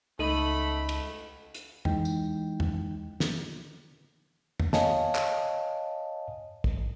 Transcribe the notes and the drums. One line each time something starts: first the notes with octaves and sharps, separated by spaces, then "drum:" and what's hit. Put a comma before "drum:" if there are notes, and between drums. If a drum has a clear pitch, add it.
C#2 A3 D#4 A4 D#5 B5 D#7 F#7
drum: cymbal
drum: hi-hat
E3 G#3 D#4 G5, drum: tom
drum: tambourine
drum: tom
drum: snare
drum: tom
C#5 D#5 F5 G#5 A5, drum: snare
drum: clap
drum: kick